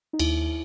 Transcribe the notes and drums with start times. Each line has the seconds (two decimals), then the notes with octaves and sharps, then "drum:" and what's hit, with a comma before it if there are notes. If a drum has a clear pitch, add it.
0.13 D#4
0.19 D#2 E4, drum: cymbal